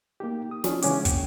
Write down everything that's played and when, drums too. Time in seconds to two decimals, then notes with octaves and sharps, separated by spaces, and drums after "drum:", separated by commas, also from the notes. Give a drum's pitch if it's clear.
0.20 A#3 D#4 G4
0.51 D#6
0.64 F3 C#4 D4 F4, drum: snare
0.82 C#3 E3 G#3 C#4 F#5 D6, drum: hi-hat
1.05 A#2 G5, drum: kick, hi-hat